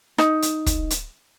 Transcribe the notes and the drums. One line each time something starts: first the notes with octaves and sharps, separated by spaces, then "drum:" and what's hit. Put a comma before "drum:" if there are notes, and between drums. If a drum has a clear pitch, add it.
D#4, drum: rim click
drum: hi-hat
drum: kick, hi-hat
drum: hi-hat